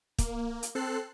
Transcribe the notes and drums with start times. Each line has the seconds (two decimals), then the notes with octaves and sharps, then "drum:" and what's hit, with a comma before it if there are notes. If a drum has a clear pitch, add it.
0.18 A#3, drum: kick, hi-hat
0.63 drum: hi-hat
0.75 C4 A4 F#6 C7